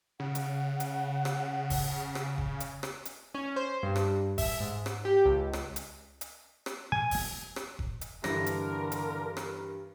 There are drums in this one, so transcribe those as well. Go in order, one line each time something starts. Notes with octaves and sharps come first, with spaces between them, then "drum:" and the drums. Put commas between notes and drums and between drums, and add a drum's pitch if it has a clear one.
C#3 F#5
drum: hi-hat
drum: hi-hat
drum: rim click
drum: kick F1, open hi-hat
drum: rim click
drum: kick F1
drum: hi-hat
drum: rim click
drum: hi-hat
C#4
C5
G2
drum: rim click
E5, drum: kick F1, open hi-hat
G#2
drum: rim click
G4
C#2
drum: rim click
drum: hi-hat
drum: hi-hat
drum: rim click
G#5
drum: kick F1, open hi-hat
drum: rim click
drum: kick F1
drum: hi-hat
G2 D3 E3 A#4 A#6, drum: rim click
drum: hi-hat
drum: hi-hat
drum: rim click